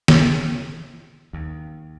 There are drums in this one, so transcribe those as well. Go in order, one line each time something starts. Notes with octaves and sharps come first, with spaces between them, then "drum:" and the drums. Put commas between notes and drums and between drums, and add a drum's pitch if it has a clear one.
drum: snare
D#2